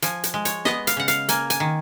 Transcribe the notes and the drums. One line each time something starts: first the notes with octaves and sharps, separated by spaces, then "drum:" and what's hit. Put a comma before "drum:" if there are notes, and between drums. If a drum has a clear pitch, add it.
F3 G#5, drum: hi-hat
drum: hi-hat
G#3
C#5, drum: hi-hat
B3 D#5, drum: snare
F5, drum: hi-hat
C#3 F#5
F5, drum: hi-hat
A#3 G#5, drum: hi-hat
G#5, drum: hi-hat
D#3